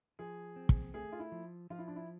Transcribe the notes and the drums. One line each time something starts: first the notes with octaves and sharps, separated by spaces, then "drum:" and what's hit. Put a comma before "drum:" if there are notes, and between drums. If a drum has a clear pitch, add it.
F3 G#4
C4
drum: kick
A3 G#4
F4
E4
F3
F3 F4
E4
D4
E4